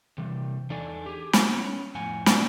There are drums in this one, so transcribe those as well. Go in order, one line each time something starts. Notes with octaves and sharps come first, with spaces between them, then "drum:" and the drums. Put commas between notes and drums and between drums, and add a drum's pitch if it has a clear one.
C3 E3 G3
E2 D4 D#4 A4 D5 G#5
G4 G#4
drum: snare
B3 C#4
F2 A2 F#5 G#5
C#4 D4 F4 D5 G5, drum: snare